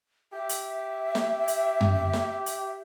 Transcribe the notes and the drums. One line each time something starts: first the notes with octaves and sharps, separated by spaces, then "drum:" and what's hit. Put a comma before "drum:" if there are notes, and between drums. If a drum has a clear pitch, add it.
G4 E5
drum: hi-hat
drum: snare
drum: hi-hat
drum: tom F#2
drum: snare
drum: hi-hat